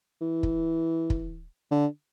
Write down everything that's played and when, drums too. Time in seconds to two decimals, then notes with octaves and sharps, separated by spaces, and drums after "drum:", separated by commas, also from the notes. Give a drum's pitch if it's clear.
0.21 E3
0.43 drum: kick
1.10 drum: kick
1.71 D3